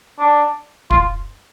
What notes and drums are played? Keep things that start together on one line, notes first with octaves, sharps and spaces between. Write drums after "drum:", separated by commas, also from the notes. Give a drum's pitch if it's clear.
D4
F4, drum: kick